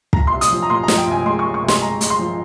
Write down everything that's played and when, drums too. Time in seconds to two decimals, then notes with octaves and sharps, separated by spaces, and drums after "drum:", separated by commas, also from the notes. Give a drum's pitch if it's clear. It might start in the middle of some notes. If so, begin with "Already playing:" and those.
0.13 A#2 A#5, drum: kick
0.27 C6
0.32 C2
0.41 D#6, drum: hi-hat
0.51 F3
0.62 A#5
0.70 A#2 C6
0.83 A#5
0.88 F3, drum: snare
0.98 G5
1.07 C2 G#5
1.25 G#3 C6
1.39 C#6
1.45 G#3
1.54 C#6
1.63 C2
1.68 C6, drum: snare
1.81 G#3 A#5
2.01 G#3, drum: hi-hat
2.10 C6
2.19 F3